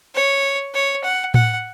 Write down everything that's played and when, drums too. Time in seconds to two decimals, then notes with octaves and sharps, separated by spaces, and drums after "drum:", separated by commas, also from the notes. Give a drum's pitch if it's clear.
0.15 C#5
0.74 C#5
1.04 F#5
1.34 F#5, drum: tom A2